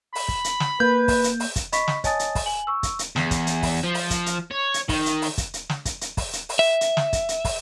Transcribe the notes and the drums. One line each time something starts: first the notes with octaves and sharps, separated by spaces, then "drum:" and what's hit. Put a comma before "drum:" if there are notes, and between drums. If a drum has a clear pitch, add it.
B5, drum: open hi-hat
drum: kick
drum: hi-hat
drum: snare
A#3 B4 G6
drum: kick, open hi-hat
drum: hi-hat
drum: open hi-hat
drum: kick, hi-hat
D#5 B5 C#6 B6, drum: hi-hat
drum: snare
C#5 D#5 G#5 A5 D#6 A6, drum: kick, hi-hat
drum: hi-hat
drum: kick, open hi-hat
G#5 F#7
C#6 E6
drum: kick, hi-hat
drum: hi-hat
E2, drum: snare
drum: kick, hi-hat
drum: hi-hat
drum: kick, open hi-hat
F3
drum: open hi-hat
drum: kick, hi-hat
drum: hi-hat
C#5
drum: hi-hat
D#3, drum: kick, open hi-hat
drum: hi-hat
drum: open hi-hat
drum: kick, hi-hat
drum: hi-hat
drum: snare
drum: kick, hi-hat
drum: hi-hat
drum: kick, open hi-hat
drum: hi-hat
drum: open hi-hat
E5
drum: hi-hat
drum: snare
drum: kick, hi-hat
drum: hi-hat
drum: kick, open hi-hat